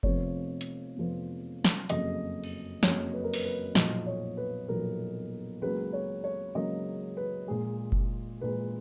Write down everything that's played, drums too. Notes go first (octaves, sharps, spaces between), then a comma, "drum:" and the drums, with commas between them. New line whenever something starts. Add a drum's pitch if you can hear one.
F1 F2 F3 B3 C#5, drum: kick F#1
drum: hi-hat
F1 F2 F3 B3
drum: snare
F#1 F2 C#3 F#3 D#5, drum: hi-hat
drum: cymbal
F#1 F2 C#3 F#3 C#5, drum: snare
B4
A#4
B4, drum: open hi-hat
B4
B1 A#2 F3 D#5, drum: snare
C#5
B4
B1 A#2 F3 A#4
C#2 C#3 F#3 A#3 B4
C#5
C#5
C#2 C#3 F#3 A#3 D#5
B4
A#1 A#2 G#3 G#4
drum: kick F#1
A#1 A#2 G#3 B4